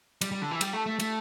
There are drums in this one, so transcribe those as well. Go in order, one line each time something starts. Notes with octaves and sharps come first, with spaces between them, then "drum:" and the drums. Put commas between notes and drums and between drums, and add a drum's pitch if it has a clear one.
G3, drum: cymbal
G3
D3
E3
G3, drum: cymbal
A3
A3
A3, drum: cymbal